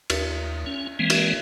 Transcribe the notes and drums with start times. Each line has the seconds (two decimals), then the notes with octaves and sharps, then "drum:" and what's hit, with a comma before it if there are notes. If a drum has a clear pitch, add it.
0.10 D#2, drum: cymbal
0.66 C#4
0.99 E3 G#3 A#3 C4
1.10 drum: cymbal